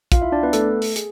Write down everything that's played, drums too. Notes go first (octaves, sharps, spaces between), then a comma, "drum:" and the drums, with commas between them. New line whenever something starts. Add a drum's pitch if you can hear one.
F4 F5, drum: kick, hi-hat
E4 E5
D4 D5
B3 B4
A3 A4, drum: hi-hat
drum: open hi-hat
G#4, drum: hi-hat